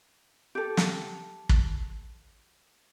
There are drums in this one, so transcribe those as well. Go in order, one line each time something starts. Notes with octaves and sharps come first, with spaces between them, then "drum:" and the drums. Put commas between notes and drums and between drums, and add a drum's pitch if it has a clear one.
G4 A4
drum: snare
drum: kick